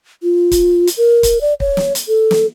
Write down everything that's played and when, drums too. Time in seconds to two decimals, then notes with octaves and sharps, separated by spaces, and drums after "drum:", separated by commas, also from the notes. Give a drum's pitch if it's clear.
0.23 F4
0.52 drum: kick, hi-hat
0.87 drum: hi-hat
0.97 A#4
1.23 drum: kick, hi-hat
1.41 D5
1.60 C#5, drum: kick
1.77 drum: snare
1.95 drum: hi-hat
2.08 A4
2.31 drum: snare